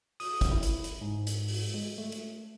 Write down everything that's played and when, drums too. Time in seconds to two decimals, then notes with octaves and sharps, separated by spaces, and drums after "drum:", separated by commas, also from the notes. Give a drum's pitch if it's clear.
0.20 D#6, drum: open hi-hat
0.41 drum: kick, hi-hat
0.51 E4
0.63 drum: hi-hat
0.84 drum: hi-hat
1.01 G#2
1.27 drum: hi-hat
1.48 drum: open hi-hat
1.74 G#3
1.98 A3
2.12 drum: hi-hat